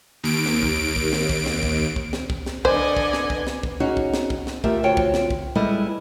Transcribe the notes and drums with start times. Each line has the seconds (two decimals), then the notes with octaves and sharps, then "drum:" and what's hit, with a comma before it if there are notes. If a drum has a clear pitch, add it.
0.23 D#2 D7
0.46 drum: snare
0.63 drum: kick
0.96 drum: kick
1.13 drum: snare
1.29 drum: kick
1.46 drum: snare
1.63 drum: kick
1.96 drum: kick
2.13 drum: snare
2.30 drum: kick
2.46 drum: snare
2.65 D3 B4 C5 D5 D#5 G#5, drum: kick
2.97 drum: kick
3.13 drum: snare
3.30 drum: kick
3.47 drum: snare
3.63 drum: kick
3.80 C#4 D#4 F#4 G#4
3.97 drum: kick
4.14 drum: snare
4.30 drum: kick
4.47 drum: snare
4.64 A3 F4 G4 A#4 E5, drum: kick
4.83 D3 F4 F#4 C5 C#5 G5
4.97 drum: kick
5.14 drum: snare
5.30 drum: kick
5.55 G3 G#3 E4 A4 B4 D#5